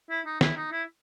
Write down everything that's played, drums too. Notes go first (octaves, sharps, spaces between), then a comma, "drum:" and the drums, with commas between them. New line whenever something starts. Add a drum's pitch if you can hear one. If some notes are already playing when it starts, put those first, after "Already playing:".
E4
D#4
E4, drum: snare
D#4
E4